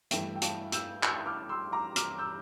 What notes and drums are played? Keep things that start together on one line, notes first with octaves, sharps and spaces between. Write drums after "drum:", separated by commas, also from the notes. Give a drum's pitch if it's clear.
G2 E3 A3 E5 G5, drum: hi-hat
G5
F5 A5, drum: hi-hat
E6 G6, drum: hi-hat
E6 G6, drum: clap
D6 F6
C6 E6
A#5 D6
D6 F6, drum: hi-hat
E6 G6